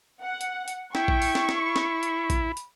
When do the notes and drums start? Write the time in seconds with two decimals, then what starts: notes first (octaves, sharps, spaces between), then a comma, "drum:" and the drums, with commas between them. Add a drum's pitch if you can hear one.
0.22 F#5
0.41 drum: hi-hat
0.68 drum: hi-hat
0.95 E4 G5 C#6, drum: snare
1.08 drum: kick A#1
1.22 drum: open hi-hat
1.35 drum: snare
1.49 drum: snare
1.63 B5
1.76 drum: snare
2.03 drum: hi-hat
2.30 drum: kick A#1, hi-hat
2.57 drum: hi-hat